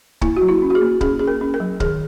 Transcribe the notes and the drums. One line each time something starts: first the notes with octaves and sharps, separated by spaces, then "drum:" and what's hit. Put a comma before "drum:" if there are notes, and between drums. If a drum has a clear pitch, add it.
A#3 E4, drum: kick C#1
F#4
F#3
E4
C#4
F#4
G#4
A#3
C#4 G#4, drum: kick C#1
C#4 G#4
A#4
C#4
A#4
F#3
D#3 G#4, drum: kick C#1